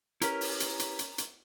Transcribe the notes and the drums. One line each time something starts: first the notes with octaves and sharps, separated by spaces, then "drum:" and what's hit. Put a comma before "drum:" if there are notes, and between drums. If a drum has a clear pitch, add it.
C#4 E4 G4 A#4 B4 A#5, drum: hi-hat
drum: open hi-hat
drum: hi-hat
drum: hi-hat
drum: hi-hat
drum: hi-hat